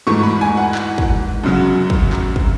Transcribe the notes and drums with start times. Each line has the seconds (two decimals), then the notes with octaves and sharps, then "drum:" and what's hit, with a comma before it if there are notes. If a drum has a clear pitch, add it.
0.07 G#2 E3 A3 C#6
0.23 B5
0.41 G#5
0.57 F#5
0.75 drum: clap
0.98 drum: kick
1.44 F#2 C#3 F#3
1.90 drum: kick
2.13 drum: clap
2.36 drum: kick